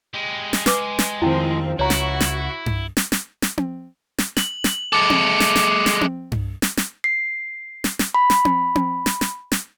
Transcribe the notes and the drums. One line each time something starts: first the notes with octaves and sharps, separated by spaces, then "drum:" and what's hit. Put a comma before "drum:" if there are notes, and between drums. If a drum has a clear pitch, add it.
G#3 G4
drum: snare
B4 D6, drum: snare
drum: snare
F2 D#3 F3 C4 E4 G5
C#2 E4 F#4 C#5 A#5
drum: snare
drum: snare
drum: tom G2
drum: snare
drum: snare
drum: snare
drum: tom C4
drum: snare
F#7, drum: snare
drum: snare
G#3 A4 D6 C#7
drum: tom C4
drum: snare
drum: snare
drum: snare
drum: tom C4
drum: tom G2
drum: snare
drum: snare
C7
drum: snare
drum: snare
B5
drum: snare
drum: tom C4
drum: tom C4
drum: snare
drum: snare
drum: snare